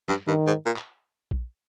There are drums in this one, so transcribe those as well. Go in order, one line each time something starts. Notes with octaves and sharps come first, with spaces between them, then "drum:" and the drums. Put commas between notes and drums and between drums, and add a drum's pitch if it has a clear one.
G2, drum: snare
G2 D#3
G#2
A#2
drum: clap
drum: kick A#1